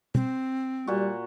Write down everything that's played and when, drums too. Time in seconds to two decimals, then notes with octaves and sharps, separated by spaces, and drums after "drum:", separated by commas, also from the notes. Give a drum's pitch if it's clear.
0.15 C4, drum: tom B2
0.87 A#2 G3 F#4